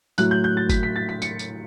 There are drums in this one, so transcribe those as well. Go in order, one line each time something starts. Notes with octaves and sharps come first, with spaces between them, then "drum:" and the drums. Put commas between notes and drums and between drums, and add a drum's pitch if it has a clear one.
A2 F#3 F#6, drum: tambourine
G6
G6
A6
B6, drum: kick G1, tambourine
B6
A6
B6
C#7, drum: tambourine
drum: tambourine